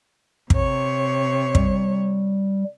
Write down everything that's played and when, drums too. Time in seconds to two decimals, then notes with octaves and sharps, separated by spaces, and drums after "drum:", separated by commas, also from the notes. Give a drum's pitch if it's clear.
0.50 C3 C#5, drum: kick
1.55 G3, drum: kick